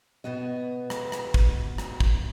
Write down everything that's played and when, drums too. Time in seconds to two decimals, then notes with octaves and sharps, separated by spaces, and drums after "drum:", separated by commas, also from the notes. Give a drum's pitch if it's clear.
0.24 B2 B3 F#4 D#5
0.90 drum: rim click
1.12 drum: rim click
1.34 drum: kick
1.78 drum: rim click
2.00 drum: kick